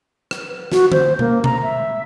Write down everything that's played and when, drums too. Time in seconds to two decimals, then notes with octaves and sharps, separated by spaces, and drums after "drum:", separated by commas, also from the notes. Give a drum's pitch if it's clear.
0.31 drum: rim click
0.72 F#4, drum: snare
0.92 C5, drum: tom D3
1.19 A#3, drum: tom B2
1.44 A#5, drum: tom B2
1.63 E5